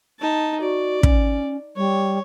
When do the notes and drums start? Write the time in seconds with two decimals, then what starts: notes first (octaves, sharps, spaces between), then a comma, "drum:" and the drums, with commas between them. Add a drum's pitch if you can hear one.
0.20 D#4 A5
0.61 F#4 D5
1.03 C#4, drum: kick
1.77 G3 C#5